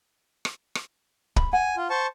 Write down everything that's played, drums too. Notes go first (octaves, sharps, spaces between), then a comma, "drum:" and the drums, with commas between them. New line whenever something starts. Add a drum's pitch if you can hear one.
drum: rim click
drum: rim click
B5, drum: kick
F#5 G#5
F4
C5 A5 C#6